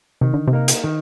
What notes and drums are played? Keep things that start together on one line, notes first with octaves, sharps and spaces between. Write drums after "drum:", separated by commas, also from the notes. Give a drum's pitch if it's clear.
C3 D#3
D3
C3
A#3 D#4 A#4
drum: hi-hat
D#3